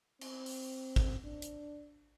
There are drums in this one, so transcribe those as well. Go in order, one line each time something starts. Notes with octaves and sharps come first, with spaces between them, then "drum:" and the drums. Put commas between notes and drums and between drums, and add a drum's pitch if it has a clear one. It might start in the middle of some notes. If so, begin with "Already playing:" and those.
C4, drum: cymbal
drum: open hi-hat
drum: kick
D4
drum: hi-hat